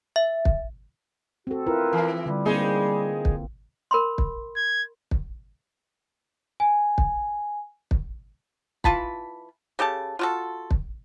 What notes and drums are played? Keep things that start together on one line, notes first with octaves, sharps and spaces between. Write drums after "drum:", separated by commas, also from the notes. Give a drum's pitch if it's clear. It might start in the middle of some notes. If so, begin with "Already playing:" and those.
E5
drum: kick
C4 F#4 A4
E4 F4 A#4 B4
E3
D3 G3
G#3 A#3 C4 D#4 G#4
drum: kick
A#4 B5 C6
drum: kick
G#6
drum: kick
G#5
drum: kick
drum: kick
E3 F4 A5 B5, drum: kick
C#3 G4 A4 A5
F4 F#4 A4
drum: kick